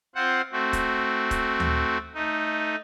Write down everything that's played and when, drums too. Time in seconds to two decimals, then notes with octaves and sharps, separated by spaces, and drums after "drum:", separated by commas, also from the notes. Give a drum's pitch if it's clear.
0.15 C4 F4 C5 F#5
0.52 A3 C4 F#4
0.73 drum: kick, hi-hat
1.31 drum: kick, hi-hat
1.60 drum: tom D2
2.15 A3 D#4